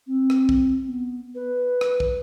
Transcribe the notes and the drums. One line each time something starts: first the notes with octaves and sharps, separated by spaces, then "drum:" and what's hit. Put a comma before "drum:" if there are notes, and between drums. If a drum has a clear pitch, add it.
C4
drum: rim click
drum: kick
B3
B4
drum: rim click
drum: kick